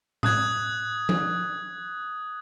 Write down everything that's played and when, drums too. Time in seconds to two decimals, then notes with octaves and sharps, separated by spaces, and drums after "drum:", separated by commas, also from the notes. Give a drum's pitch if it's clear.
0.23 D#6 F#6 G#6, drum: tom A2
1.09 drum: tom F3